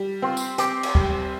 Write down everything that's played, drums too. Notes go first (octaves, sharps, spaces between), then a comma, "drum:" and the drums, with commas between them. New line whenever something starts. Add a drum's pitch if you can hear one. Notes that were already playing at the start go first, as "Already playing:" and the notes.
Already playing: G3
C4 F4
drum: tambourine
C4 G4, drum: hi-hat
drum: cymbal
G3, drum: kick D2